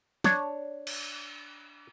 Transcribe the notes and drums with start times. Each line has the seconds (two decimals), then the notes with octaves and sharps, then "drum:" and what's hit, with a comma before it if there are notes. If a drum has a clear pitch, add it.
0.24 D4 C#5, drum: snare
0.87 drum: cymbal